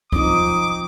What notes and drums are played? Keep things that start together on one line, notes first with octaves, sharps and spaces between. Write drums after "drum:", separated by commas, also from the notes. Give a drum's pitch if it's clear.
F3 C4 D#4 D6 D#6, drum: kick